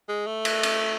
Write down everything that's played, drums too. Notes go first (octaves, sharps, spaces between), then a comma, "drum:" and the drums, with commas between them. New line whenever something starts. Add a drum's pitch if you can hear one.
G#3
A3
drum: cymbal
drum: cymbal